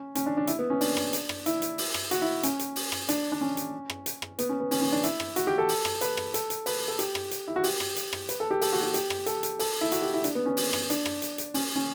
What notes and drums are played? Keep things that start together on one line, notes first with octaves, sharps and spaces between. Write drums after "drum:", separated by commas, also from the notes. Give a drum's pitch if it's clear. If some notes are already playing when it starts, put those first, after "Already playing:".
Already playing: C#4
C#4, drum: hi-hat
D4
D4
E4, drum: hi-hat
B3
C#4
D4, drum: open hi-hat
drum: rim click
drum: hi-hat
drum: rim click
E4, drum: hi-hat
drum: hi-hat
drum: open hi-hat
drum: rim click
F#4, drum: hi-hat
E4
C#4, drum: hi-hat
drum: hi-hat
drum: open hi-hat
drum: rim click
D4, drum: hi-hat
D4
C#4
drum: hi-hat
drum: rim click
drum: hi-hat
drum: rim click
B3, drum: hi-hat
C#4
B3
C#4, drum: open hi-hat
C#4
D4
E4, drum: hi-hat
drum: rim click
F#4, drum: hi-hat
G4
A4
drum: open hi-hat
drum: rim click
B4, drum: hi-hat
drum: rim click
A4, drum: hi-hat
drum: hi-hat
B4, drum: open hi-hat
A4
G4, drum: hi-hat
drum: rim click
drum: hi-hat
E4
F#4
G4, drum: open hi-hat
drum: rim click
drum: hi-hat
drum: rim click
B4, drum: hi-hat
A4
G4
A4, drum: open hi-hat
F#4
G4
G4, drum: hi-hat
drum: rim click
A4, drum: hi-hat
drum: hi-hat
A4, drum: open hi-hat
E4
F#4, drum: hi-hat
G4
E4
D4, drum: hi-hat
B3
C#4
drum: open hi-hat
drum: rim click
D4, drum: hi-hat
drum: rim click
drum: hi-hat
drum: hi-hat
C#4, drum: open hi-hat
C#4